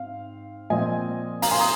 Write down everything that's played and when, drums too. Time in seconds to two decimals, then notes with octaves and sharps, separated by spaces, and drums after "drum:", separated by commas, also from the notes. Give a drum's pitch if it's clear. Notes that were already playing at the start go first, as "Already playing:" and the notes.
Already playing: G#2 C4 F5
0.70 A#2 F3 C4 D#5 G#5
1.42 F5 A#5, drum: open hi-hat
1.51 G#5 C6
1.60 A#5 D#6